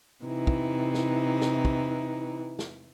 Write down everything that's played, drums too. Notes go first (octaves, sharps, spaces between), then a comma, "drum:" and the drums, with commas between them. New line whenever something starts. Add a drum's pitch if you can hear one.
C3 E3 D#4 E4
drum: kick
drum: snare
drum: snare
drum: kick
drum: snare